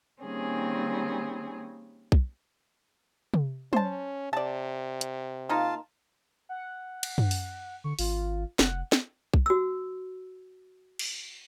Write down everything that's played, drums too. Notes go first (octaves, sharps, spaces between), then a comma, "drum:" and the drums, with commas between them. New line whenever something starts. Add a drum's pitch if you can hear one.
D#3 G3 A#3 C4 C#4 G#4
drum: kick B1
drum: tom
C#4 C5 A5, drum: tom F#3
C3 D5 A5
drum: hi-hat
A#3 D#4 F4 F5 A5
F#5
drum: cymbal
drum: tom F#2
drum: open hi-hat
D3 C#6
G#1 F4, drum: open hi-hat
F1 F#5, drum: snare
drum: snare
drum: kick B1
F#4 E6
drum: cymbal